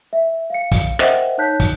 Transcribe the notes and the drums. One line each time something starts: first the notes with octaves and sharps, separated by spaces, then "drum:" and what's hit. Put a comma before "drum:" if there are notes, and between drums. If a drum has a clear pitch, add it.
E5
F5 C#7
drum: kick, hi-hat
A#4 C5 D#5 E5 F#5 G5, drum: rim click
D#4 C#5 A5 F#6 G6 B6
drum: kick, hi-hat